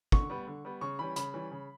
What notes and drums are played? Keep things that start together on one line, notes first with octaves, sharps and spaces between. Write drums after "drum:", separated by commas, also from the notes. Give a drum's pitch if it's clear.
D3 C#6, drum: kick
G3 B3
D3
G3 B3
C#3 C#6
E3 G3 C#4 B5
C#3 B5, drum: hi-hat
E3 G3 C#4
C#3